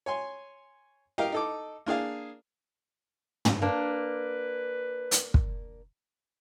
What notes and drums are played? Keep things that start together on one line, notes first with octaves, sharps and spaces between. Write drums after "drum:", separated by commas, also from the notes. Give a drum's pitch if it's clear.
C#5 G#5 C6
G4 A#4 D#5 F5 G5
D#4 A4 D6
A#3 D4 G#4 F5
drum: tom
A#3 D4 B4
drum: hi-hat
drum: kick